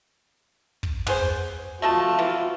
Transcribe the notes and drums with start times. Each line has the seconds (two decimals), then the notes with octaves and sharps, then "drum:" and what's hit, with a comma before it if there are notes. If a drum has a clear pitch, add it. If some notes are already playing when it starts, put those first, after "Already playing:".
0.83 drum: kick
1.07 B3 G#4 C5, drum: tom
1.82 A3 F4 F#4 D#5 A5
2.19 E3